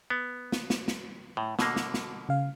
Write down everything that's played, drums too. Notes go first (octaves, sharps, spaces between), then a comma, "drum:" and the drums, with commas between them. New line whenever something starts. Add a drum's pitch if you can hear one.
B3
drum: snare
drum: snare
drum: snare
A2
B2 D3 A#3, drum: snare
drum: snare
drum: snare
C#3 F5